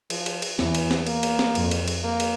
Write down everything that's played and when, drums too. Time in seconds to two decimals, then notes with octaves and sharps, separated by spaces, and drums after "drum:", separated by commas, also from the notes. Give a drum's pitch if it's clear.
0.10 F3, drum: cymbal
0.26 drum: cymbal
0.42 drum: cymbal
0.59 E2 E3, drum: snare
0.75 drum: cymbal
0.91 drum: snare
1.06 A#3, drum: cymbal
1.23 drum: cymbal
1.39 drum: snare
1.55 F2, drum: cymbal
1.71 drum: cymbal
1.88 drum: cymbal
2.04 A#3
2.20 drum: cymbal